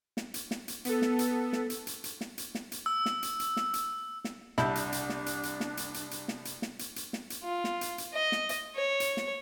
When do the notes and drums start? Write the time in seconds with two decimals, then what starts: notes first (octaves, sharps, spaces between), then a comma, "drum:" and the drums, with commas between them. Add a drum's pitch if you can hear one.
0.17 drum: snare
0.34 drum: hi-hat
0.51 drum: snare
0.68 drum: hi-hat
0.85 B3 A4, drum: hi-hat
1.02 drum: snare
1.19 drum: hi-hat
1.53 drum: snare
1.70 drum: hi-hat
1.87 drum: hi-hat
2.04 drum: hi-hat
2.21 drum: snare
2.38 drum: hi-hat
2.55 drum: snare
2.72 drum: hi-hat
2.86 E6
3.06 drum: snare
3.23 drum: hi-hat
3.40 drum: hi-hat
3.57 drum: snare
3.74 drum: hi-hat
4.24 drum: snare
4.58 C2 D4 E4 A5 G6, drum: snare
4.75 drum: hi-hat
4.92 drum: hi-hat
5.09 drum: snare
5.26 drum: hi-hat
5.43 drum: hi-hat
5.60 drum: snare
5.77 drum: hi-hat
5.94 drum: hi-hat
6.11 drum: hi-hat
6.28 drum: snare
6.45 drum: hi-hat
6.62 drum: snare
6.79 drum: hi-hat
6.96 drum: hi-hat
7.13 drum: snare
7.30 drum: hi-hat
7.43 F4
7.64 drum: snare
7.81 drum: hi-hat
7.98 drum: hi-hat
8.14 D#5
8.32 drum: snare
8.49 drum: hi-hat
8.75 C#5
9.00 drum: hi-hat
9.17 drum: snare